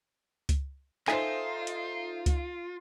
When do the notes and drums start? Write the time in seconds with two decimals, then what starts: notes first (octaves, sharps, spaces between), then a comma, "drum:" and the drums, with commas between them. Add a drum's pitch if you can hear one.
0.49 drum: kick C#2, hi-hat
1.08 D#4 F4 A4 C5 E5 G#5, drum: clap
1.67 drum: hi-hat
2.26 drum: kick C#2, hi-hat